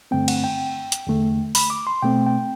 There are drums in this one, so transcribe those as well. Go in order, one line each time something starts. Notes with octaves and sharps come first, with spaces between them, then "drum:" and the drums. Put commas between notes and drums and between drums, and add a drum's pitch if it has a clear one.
G2 D3 A3 C4 G5
F#5, drum: cymbal
G5
drum: hi-hat
E2 D3 A3
B5, drum: open hi-hat
D6
C6
B2 A3 C4 G5
G5